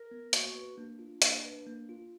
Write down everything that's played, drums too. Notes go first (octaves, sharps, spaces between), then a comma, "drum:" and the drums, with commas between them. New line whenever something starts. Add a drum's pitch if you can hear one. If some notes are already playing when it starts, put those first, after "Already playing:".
Already playing: A#4
B3
A#3 F#4, drum: hi-hat
B4
A#3 D4
F4
A#3 D4, drum: hi-hat
B4
A#3
F4